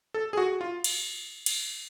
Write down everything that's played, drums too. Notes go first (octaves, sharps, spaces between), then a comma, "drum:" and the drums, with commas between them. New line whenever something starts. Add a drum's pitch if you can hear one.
A4
G#4
F#4
F4
drum: cymbal
drum: cymbal